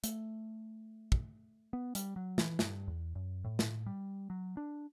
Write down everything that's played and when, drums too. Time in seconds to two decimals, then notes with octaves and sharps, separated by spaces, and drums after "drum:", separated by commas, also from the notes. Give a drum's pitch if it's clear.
0.04 A3, drum: hi-hat
1.12 drum: kick
1.73 B3
1.95 G3, drum: hi-hat
2.16 F#3
2.38 E3, drum: snare
2.59 G2, drum: snare
2.88 E2
3.15 F#2
3.44 A2
3.59 drum: snare
3.86 G3
4.30 F#3
4.57 D4